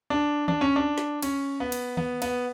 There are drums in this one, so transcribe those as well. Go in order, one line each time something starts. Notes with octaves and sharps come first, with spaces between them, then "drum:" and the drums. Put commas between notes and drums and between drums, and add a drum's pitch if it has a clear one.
D4
D4, drum: tom D#3
C#4
D4
drum: snare
C#4, drum: cymbal
B3
drum: cymbal
B3, drum: tom D#3
B3, drum: cymbal